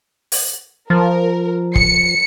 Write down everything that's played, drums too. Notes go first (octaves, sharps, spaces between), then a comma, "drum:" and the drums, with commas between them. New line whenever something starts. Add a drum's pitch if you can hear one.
drum: open hi-hat
F3 A#4
C#7, drum: kick